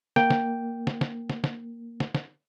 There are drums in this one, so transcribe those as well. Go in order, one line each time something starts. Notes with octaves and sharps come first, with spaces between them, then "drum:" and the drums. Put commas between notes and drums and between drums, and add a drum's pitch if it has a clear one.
A#3 G5, drum: snare
drum: snare
drum: snare
drum: snare
drum: snare
drum: snare
drum: snare
drum: snare